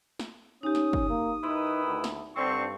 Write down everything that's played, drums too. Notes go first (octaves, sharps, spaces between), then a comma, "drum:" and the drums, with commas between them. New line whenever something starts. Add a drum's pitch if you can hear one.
drum: snare
C#4 D#4 G4 D#6
drum: snare
drum: kick
A#3
D#3 D#4 E4 B4 C6
D2
drum: snare
G2 D3 C4 C#6